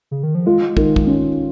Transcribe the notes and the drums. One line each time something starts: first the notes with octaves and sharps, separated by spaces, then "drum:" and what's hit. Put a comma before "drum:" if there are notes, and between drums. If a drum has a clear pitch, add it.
C#3
D#3
F3
G#3 F4
D#3, drum: kick
drum: kick
C#4